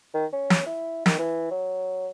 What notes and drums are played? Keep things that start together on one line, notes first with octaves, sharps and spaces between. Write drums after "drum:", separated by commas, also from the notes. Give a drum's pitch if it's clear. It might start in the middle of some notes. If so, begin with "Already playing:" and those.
D#3
C#4
drum: snare
E4
D#3, drum: snare
E3
F#3